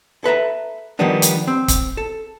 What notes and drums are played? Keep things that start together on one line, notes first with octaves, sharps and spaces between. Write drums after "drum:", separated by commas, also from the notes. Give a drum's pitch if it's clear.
A4 B4 E5 A#5
D#3 F3 G3 A#3 B3 D4
drum: hi-hat
C4
drum: kick, hi-hat
A4